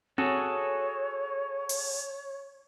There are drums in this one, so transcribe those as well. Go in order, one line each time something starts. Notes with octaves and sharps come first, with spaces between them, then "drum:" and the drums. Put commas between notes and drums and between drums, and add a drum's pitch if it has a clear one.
F#4 G#4 A4 C#5, drum: tom C4
drum: open hi-hat